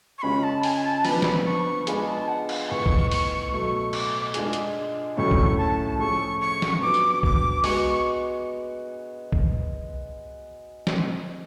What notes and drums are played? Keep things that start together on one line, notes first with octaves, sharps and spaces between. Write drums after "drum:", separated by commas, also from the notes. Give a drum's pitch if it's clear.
C#6
C#3 G#3 C#4 F4 B5
A5
G#5, drum: open hi-hat
A5
F3 B3 D4 B5, drum: open hi-hat
drum: snare
C#6
G#3 B3 D4 F4 G#4 B5, drum: hi-hat
A5
F#5
F5, drum: cymbal
A2 G#3 B3 C#6
drum: kick B1
C#6, drum: open hi-hat
B2 F#3 A3 C#6
D6, drum: cymbal
G#3 D4 F4 G#4, drum: hi-hat
drum: hi-hat
A2 F#3 A3 C#4 C#6
drum: kick B1
A5
F3 A3 C#4 G#4 C#6
C#6
drum: snare
F#3 B3 D4 F#4 D6
drum: tambourine
D6, drum: kick B1
G#3 B3 F#4 C#6, drum: open hi-hat
drum: kick B1
drum: snare